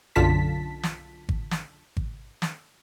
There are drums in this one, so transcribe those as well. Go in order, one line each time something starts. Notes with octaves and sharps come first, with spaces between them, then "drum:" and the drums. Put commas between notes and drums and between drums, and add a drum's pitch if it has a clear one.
B1 F#2 D3 F4 A5 B6
drum: snare
drum: kick G#1
drum: snare
drum: kick G#1
drum: snare